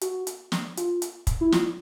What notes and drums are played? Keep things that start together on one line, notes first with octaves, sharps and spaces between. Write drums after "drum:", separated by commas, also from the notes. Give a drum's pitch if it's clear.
F#4, drum: hi-hat
drum: hi-hat
drum: snare
F4, drum: hi-hat
drum: hi-hat
drum: kick, hi-hat
E4
F4, drum: snare